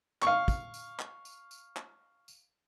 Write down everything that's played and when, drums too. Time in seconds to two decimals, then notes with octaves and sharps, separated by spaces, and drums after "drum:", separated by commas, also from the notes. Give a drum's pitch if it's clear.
0.22 F5 C#6, drum: clap
0.48 drum: kick, tambourine
0.74 drum: tambourine
0.99 drum: clap
1.25 drum: tambourine
1.51 drum: tambourine
1.77 drum: clap
2.28 drum: tambourine